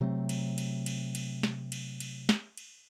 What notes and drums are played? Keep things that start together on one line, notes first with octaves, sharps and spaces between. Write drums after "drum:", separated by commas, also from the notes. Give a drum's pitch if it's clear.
C3 F#3 A3 C4
drum: cymbal
drum: cymbal
drum: cymbal
drum: cymbal
drum: snare
drum: cymbal
drum: cymbal
drum: snare
drum: cymbal